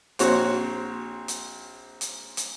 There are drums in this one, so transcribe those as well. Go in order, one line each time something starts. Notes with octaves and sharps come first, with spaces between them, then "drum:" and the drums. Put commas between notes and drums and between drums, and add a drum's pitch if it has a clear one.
A#1 C4 F#4 C#5, drum: hi-hat
drum: hi-hat
drum: hi-hat
drum: hi-hat